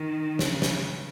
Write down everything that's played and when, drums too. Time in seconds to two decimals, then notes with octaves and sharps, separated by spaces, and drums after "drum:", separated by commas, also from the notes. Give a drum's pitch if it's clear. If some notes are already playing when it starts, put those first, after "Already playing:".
Already playing: D#3
0.39 C#3, drum: snare
0.62 drum: snare